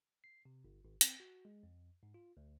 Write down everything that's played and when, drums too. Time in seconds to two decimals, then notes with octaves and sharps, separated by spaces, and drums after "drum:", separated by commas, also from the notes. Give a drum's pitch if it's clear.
0.24 C7
0.45 C3
0.64 G1
0.85 G#1
1.01 C4, drum: hi-hat
1.20 F#4
1.45 G#3
1.63 F2
2.03 G#2
2.14 F4
2.37 D2